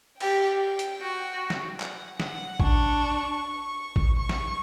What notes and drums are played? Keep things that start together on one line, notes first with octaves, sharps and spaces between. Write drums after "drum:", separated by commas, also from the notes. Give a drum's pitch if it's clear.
G4 G5, drum: cymbal
drum: hi-hat
F#4
drum: snare
F#5, drum: clap
F#5, drum: snare
D4 C#6, drum: kick A1
drum: kick A1
C#6
drum: snare